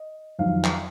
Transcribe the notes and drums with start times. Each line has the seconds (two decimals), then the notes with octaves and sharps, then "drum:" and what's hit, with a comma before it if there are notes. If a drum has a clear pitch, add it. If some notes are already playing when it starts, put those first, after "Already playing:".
Already playing: D#5
0.39 F2 D#3 F#3 F5
0.65 drum: clap